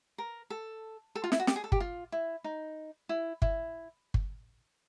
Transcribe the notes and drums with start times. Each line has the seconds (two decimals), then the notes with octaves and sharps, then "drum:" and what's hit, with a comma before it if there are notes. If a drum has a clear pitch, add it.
0.18 A#4
0.50 A4
1.15 A4
1.24 F4
1.32 E4, drum: snare
1.40 F#4
1.47 G4, drum: snare
1.56 G#4
1.64 A4
1.72 G4, drum: kick G1
1.80 F4
2.12 E4
2.44 D#4
3.09 E4
3.42 E4, drum: kick G1
4.14 drum: kick G1